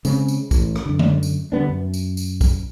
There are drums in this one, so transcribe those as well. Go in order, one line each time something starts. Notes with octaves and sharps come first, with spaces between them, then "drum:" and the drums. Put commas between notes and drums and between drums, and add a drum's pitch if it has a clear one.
C#3 G#3 C4, drum: tambourine
drum: tambourine
A1, drum: kick B1, tambourine
drum: rim click
F#2 D3
drum: tom D3
drum: tambourine
D3 G3 B3 D4
F#2
drum: tambourine
drum: tambourine
drum: kick B1, tambourine